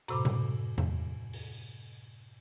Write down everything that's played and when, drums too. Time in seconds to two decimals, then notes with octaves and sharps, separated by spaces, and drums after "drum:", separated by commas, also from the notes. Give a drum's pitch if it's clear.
0.08 F#2 A2 C3 B5 D6, drum: cymbal
0.25 drum: tom B2
0.78 drum: tom E2
1.33 drum: open hi-hat